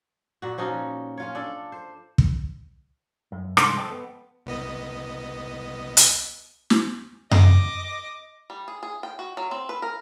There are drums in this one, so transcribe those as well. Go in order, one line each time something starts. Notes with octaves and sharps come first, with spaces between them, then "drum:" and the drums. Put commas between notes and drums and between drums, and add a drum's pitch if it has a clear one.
A#2 F#4
F3 C#4 D#4 F#4
C#4 F4 C#5
D4 A4
C5
drum: kick
F#2
C2 G2 D3 F3 G#3 C6, drum: rim click
A4 A#4 C5 D#5 G5 A5
B3
C2 B3 D#5
drum: hi-hat
drum: snare
D#5 D6, drum: tom F#2
G3
G#4
G#4
G5
F#4
F#3
C4
B4
A#4